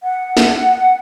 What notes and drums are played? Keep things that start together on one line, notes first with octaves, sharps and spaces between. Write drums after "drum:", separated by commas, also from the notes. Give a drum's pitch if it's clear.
F#5
drum: snare